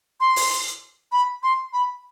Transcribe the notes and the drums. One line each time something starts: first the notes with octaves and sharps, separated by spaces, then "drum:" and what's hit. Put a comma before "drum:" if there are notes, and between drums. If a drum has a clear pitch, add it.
C6
drum: open hi-hat
B5
C6
B5